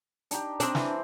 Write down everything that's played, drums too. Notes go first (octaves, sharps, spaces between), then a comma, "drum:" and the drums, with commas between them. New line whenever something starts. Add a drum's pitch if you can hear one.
D4 D#4 G4, drum: hi-hat
C4 D4 D#5, drum: hi-hat
E3 C5, drum: snare